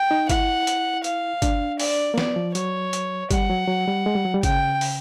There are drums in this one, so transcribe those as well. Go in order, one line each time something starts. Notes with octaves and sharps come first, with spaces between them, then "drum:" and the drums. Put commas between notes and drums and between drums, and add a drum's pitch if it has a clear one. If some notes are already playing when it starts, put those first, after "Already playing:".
Already playing: G5
D#4
E4 F#5, drum: kick G1, hi-hat
drum: hi-hat
F5, drum: hi-hat
D4, drum: kick G1, hi-hat
D5, drum: open hi-hat
A#3
B3 D5, drum: snare
F3
F#3 C#5, drum: hi-hat
drum: hi-hat
G3 F#5, drum: kick G1, hi-hat
F#3
F#3
G3
G#3
G3
F#3
G3
C#3 G5, drum: kick G1, hi-hat
drum: open hi-hat